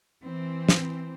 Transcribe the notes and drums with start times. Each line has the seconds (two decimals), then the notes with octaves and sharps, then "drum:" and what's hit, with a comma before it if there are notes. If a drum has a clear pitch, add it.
0.25 E3 C4
0.69 drum: snare